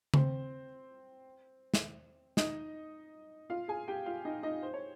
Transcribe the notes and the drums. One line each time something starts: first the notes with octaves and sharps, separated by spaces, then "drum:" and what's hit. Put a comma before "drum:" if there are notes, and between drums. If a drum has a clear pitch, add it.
C4 C5, drum: tom C#3
drum: snare
D#4 D#5, drum: snare
F4 F5
G#4 G#5
G4 G5
F4 F5
D#4 D#5
D#4 D#5
C5
C#5